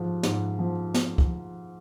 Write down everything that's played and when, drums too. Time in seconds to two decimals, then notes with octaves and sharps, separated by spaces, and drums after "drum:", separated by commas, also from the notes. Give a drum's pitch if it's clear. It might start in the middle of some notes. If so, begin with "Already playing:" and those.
Already playing: G#2 F3
0.23 G#2, drum: snare
0.59 F3
0.94 drum: snare
1.18 drum: kick